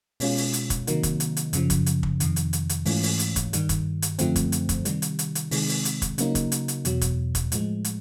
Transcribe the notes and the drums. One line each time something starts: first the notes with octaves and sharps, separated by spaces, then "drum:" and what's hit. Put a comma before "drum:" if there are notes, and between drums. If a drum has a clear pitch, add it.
B2 G#3 C#4 F4, drum: open hi-hat
drum: open hi-hat
drum: hi-hat
drum: kick, hi-hat
C3 D#3 F#3 A#3 D#4, drum: hi-hat
drum: kick, hi-hat
drum: hi-hat
drum: hi-hat
F#2 C#3 F3, drum: hi-hat
drum: kick, hi-hat
drum: hi-hat
drum: kick
F2 C3 D#3, drum: hi-hat
drum: hi-hat
drum: hi-hat
drum: hi-hat
G#2 E3 A3 C#4 F4, drum: open hi-hat
drum: open hi-hat
drum: hi-hat
drum: kick, hi-hat
G2 D#3 G3, drum: hi-hat
drum: kick, hi-hat
drum: hi-hat
F#2 D3 F3 A3 C4, drum: hi-hat
drum: kick, hi-hat
drum: hi-hat
drum: kick, hi-hat
C3 D#3 G3, drum: hi-hat
drum: hi-hat
drum: hi-hat
drum: hi-hat
C3 D#3 G#3, drum: open hi-hat
drum: open hi-hat
drum: hi-hat
drum: kick, hi-hat
C#3 F#3 A#3 D#4, drum: hi-hat
drum: kick, hi-hat
drum: hi-hat
drum: hi-hat
E2 B2 F#3, drum: hi-hat
drum: kick, hi-hat
drum: kick, hi-hat
A2 F3 G#3, drum: hi-hat
drum: hi-hat